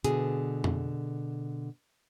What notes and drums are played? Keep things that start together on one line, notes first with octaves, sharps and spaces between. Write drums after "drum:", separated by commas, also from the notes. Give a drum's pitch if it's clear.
B2 D3 G#4, drum: hi-hat
drum: tom F2